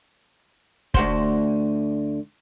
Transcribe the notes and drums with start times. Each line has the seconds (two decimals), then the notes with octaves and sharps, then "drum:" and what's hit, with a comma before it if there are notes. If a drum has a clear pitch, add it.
0.94 D2 F#4 C5, drum: kick